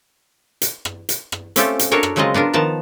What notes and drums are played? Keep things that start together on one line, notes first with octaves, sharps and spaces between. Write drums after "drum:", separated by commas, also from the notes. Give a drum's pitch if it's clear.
drum: hi-hat
drum: rim click
drum: hi-hat
drum: rim click
A3 C4 C#4 F4 G4 A4, drum: hi-hat
drum: hi-hat
D4 F#4 A4 A#4 C#5
drum: rim click
C#3 F#3 G#3 C4 F4 D#5
B3 D4 F4 A#4
D#3 F3 B3 A5 A#5